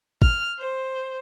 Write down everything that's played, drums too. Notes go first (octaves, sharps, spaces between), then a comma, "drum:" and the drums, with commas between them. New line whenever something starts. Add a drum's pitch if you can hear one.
F6, drum: kick
C5